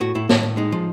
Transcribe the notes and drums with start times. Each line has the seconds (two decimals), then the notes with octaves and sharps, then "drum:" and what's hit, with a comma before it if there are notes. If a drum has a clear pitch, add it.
0.01 A2 F#4
0.15 A2 E4
0.29 A2, drum: snare A#3
0.43 A2
0.57 G#3 D#4
0.72 F3